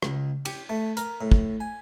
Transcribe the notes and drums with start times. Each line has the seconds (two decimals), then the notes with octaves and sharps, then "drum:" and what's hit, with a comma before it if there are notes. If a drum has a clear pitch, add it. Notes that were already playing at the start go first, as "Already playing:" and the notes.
0.03 C#2, drum: rim click
0.45 G4, drum: cymbal
0.69 A3
0.97 A#4, drum: hi-hat
1.21 A2
1.32 drum: kick
1.60 G#5